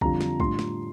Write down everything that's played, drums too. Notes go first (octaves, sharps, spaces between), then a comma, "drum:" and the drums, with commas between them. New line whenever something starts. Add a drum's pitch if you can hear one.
F2 D3 G3 D4 F4 A#5, drum: kick
drum: snare
A2 G3 D4 F4 C6, drum: kick
drum: snare